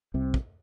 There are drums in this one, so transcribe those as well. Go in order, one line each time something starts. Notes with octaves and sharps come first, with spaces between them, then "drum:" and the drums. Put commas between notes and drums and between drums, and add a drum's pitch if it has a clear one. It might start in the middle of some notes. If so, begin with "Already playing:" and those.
C2 C3
drum: kick